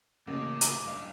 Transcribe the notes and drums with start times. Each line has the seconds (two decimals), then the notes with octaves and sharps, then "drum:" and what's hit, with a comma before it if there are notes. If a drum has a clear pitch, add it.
0.27 A1 C#3 A3 A#3 D6
0.61 drum: hi-hat
0.85 B1 G2 D4 F5